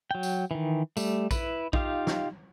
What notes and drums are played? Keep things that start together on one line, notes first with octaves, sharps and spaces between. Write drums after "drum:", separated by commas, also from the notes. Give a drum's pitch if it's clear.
F#3 G5
drum: tambourine
D#3 E3
G3 A3, drum: tambourine
E4 B4, drum: kick A#1, tambourine
D#4 F4 G4 F5, drum: kick A#1
drum: snare